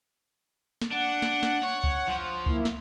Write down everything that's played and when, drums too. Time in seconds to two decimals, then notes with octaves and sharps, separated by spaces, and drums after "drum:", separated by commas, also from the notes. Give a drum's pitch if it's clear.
0.81 drum: snare
0.91 D4 F#5
1.22 drum: snare
1.43 drum: snare
1.63 C#5
1.84 drum: kick C#2
2.08 F3
2.46 A#3 E4, drum: kick C#2
2.65 drum: snare